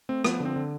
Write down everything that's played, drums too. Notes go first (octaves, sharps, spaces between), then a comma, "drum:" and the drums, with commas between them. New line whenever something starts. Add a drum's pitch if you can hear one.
A3 C4
F3 B3, drum: rim click
D3
C4
D3